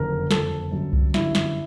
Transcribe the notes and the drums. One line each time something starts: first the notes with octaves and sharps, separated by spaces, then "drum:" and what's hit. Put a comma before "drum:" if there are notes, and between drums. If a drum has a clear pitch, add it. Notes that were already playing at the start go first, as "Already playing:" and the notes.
Already playing: F#1 F2 D3 A#4
F#1 F2 D3 A4, drum: snare
G1 F#2 D3
drum: kick C2
G1 F#2 D3 E4, drum: snare
drum: snare